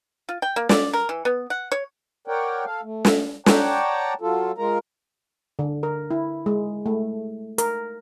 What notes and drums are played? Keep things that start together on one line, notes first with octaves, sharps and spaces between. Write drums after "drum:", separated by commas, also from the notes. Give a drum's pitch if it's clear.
F4
G5
A#3
D5, drum: snare
A#4
E3
B3
F#5
C#5
A#4 C#5 D5 F#5 G5
A4 F5
A3
drum: snare
C#5 D5 F#5 G5 A5 A#5, drum: snare
F#3 F4 A4
G#3 F4 A#4 A#5
D3
A#4
E4
G#3
A3
A#4, drum: hi-hat